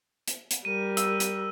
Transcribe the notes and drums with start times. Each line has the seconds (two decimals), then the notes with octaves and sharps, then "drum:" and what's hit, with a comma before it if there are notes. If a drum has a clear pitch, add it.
0.28 drum: hi-hat
0.51 drum: hi-hat
0.65 G3 A#4 D#7
0.97 E6, drum: hi-hat
1.20 drum: hi-hat